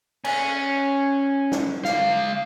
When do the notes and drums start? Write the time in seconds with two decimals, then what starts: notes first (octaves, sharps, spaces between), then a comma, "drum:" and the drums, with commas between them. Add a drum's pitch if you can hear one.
0.25 C#4, drum: cymbal
1.52 drum: snare
1.85 G#3 F5, drum: snare